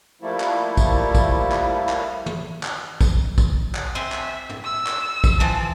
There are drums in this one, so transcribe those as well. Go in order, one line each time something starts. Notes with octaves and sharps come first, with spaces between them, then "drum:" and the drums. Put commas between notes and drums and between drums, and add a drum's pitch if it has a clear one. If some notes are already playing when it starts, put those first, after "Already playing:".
F3 G3 A3 A#3 E4
drum: clap
drum: kick, tambourine
drum: kick, tambourine
drum: clap
drum: clap
drum: tom
drum: clap
drum: kick, tambourine
drum: kick, tambourine
drum: clap
C4 E5 G#5 C6
drum: clap
drum: tom
E6
drum: clap
drum: kick, tambourine
E3 F3 A5